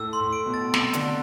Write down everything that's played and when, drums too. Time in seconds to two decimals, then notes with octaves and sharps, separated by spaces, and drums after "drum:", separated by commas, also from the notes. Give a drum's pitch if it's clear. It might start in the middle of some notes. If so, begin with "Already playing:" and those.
Already playing: A2 E6
0.13 C6
0.20 A2
0.33 D7
0.46 B2
0.54 A6
0.74 C3 E6, drum: snare
0.93 D3 C6, drum: hi-hat